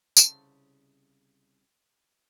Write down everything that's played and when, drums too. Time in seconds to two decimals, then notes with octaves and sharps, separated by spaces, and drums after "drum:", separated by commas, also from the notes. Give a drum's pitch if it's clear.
0.17 C2 C#3 A4 C5, drum: tambourine